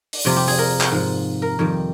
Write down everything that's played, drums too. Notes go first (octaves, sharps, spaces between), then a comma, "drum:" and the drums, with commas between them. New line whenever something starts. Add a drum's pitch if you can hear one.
drum: open hi-hat
F2 C3 G3 F4
G4
G#4, drum: open hi-hat
A#4
drum: clap
G#2 F3
A#4
F2 D#3 G3